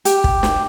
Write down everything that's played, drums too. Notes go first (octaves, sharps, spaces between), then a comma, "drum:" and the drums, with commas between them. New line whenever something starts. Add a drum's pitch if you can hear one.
G4, drum: hi-hat
drum: kick
drum: snare